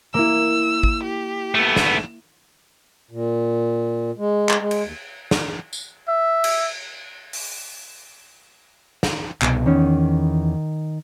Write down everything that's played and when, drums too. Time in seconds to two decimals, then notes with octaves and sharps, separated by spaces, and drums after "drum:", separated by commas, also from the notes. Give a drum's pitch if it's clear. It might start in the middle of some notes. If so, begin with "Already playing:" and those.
0.14 A#3 E4 E6
0.83 drum: kick
1.03 G4
1.55 A3 B3
1.76 drum: snare
3.11 A#2
4.18 G#3
4.49 drum: clap
4.59 G#3
4.71 drum: cymbal
4.85 D#2
5.31 drum: snare
5.73 drum: tambourine
6.08 E5
6.44 drum: cymbal
7.33 drum: open hi-hat
9.03 drum: snare
9.42 C2 B2, drum: clap
9.66 E2 D#3 C#4